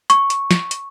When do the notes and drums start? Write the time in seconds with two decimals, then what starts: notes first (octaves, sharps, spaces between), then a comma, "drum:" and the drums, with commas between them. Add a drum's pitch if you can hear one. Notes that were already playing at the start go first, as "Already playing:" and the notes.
0.10 C#6, drum: hi-hat
0.30 drum: hi-hat
0.51 drum: snare
0.71 drum: hi-hat